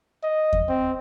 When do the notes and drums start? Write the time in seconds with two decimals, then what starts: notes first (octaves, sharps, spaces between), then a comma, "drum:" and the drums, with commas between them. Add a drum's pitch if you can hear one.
0.23 D#5
0.53 drum: kick E2
0.68 C4